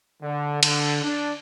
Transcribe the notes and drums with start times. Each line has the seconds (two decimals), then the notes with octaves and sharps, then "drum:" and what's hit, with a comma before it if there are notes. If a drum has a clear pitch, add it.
0.23 D3
0.63 D3, drum: cymbal
1.04 D4